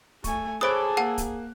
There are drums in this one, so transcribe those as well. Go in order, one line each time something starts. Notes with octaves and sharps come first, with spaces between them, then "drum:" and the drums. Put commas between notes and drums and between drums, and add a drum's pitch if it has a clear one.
A3 G#5 C#6, drum: kick, hi-hat
G#4 A4 C5 C#5 B5 D6 D#6 F#6
A#3 F#5 A5
drum: kick, hi-hat